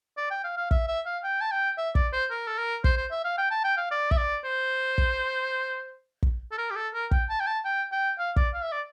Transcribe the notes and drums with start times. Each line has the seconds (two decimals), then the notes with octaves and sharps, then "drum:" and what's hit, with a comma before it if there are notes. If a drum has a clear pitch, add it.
0.17 D5
0.31 G5
0.44 F5
0.57 F5
0.71 E5, drum: kick
0.88 E5
1.06 F5
1.24 G5
1.41 A5
1.51 G5
1.78 E5
1.95 D5, drum: kick
2.13 C5
2.31 A#4
2.47 A4
2.58 A#4
2.84 C5, drum: kick
2.97 C5
3.11 E5
3.25 F5
3.38 G5
3.51 A5
3.64 G5
3.77 F5
3.91 D5
4.11 E5, drum: kick
4.18 D5
4.44 C5
4.98 drum: kick
6.23 drum: kick
6.52 A4
6.58 A#4
6.71 G4
6.76 A4
6.94 A#4
7.11 G5, drum: kick
7.30 A5
7.40 G5
7.47 A5
7.65 G5
7.92 G5
8.19 F5
8.37 D5, drum: kick
8.54 F5
8.63 E5
8.72 D5